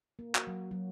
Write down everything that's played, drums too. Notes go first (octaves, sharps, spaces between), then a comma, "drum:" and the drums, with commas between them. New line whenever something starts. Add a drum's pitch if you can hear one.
A#3
F#4, drum: clap
F#3
F#3